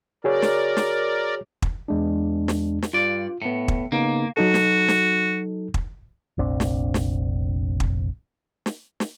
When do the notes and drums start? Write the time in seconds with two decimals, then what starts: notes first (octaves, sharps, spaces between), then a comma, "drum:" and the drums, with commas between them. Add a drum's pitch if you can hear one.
0.24 F#4 G#4 A#4 C#5 D5
0.42 drum: snare
0.77 drum: snare
1.62 drum: kick
1.88 E2 G#3 D4
2.48 drum: snare
2.82 drum: snare
2.93 G2 F4 D5
3.42 A2 B3 C#7
3.68 drum: kick
3.92 C#3 A#3 B3 D#4
4.37 F#3 D#4 F#4 A4
4.54 drum: snare
4.88 drum: snare
5.74 drum: kick
6.38 F1 A#1 C4 D4
6.60 drum: snare
6.94 drum: snare
7.80 drum: kick
8.66 drum: snare
9.00 drum: snare